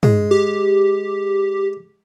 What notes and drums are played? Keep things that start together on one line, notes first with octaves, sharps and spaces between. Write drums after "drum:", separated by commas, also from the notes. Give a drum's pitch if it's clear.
G#3, drum: tom
G4